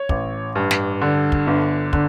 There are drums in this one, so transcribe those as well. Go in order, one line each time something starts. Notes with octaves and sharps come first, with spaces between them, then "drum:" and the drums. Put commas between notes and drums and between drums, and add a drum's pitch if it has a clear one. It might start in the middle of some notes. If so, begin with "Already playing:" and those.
Already playing: C#5
A1, drum: kick
G2
drum: snare
D3
drum: kick
G1
D3, drum: kick